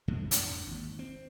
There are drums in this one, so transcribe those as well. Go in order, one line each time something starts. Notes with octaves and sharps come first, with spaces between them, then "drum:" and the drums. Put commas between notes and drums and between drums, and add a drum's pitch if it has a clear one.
F2 A2 D3 G#3
F2 D3, drum: hi-hat
G#1 D#2
C4